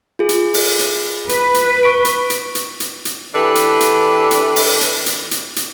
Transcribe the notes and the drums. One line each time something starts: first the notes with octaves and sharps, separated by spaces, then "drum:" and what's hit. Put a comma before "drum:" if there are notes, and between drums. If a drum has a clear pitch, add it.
F4 G#4
drum: hi-hat
drum: open hi-hat
drum: hi-hat
B4, drum: hi-hat
drum: hi-hat
C#6 D7
drum: hi-hat
drum: hi-hat
drum: hi-hat
drum: hi-hat
drum: hi-hat
E3 D4 G4 A4 B4
drum: hi-hat
drum: hi-hat
drum: hi-hat
drum: open hi-hat
drum: hi-hat
drum: hi-hat
drum: hi-hat
drum: hi-hat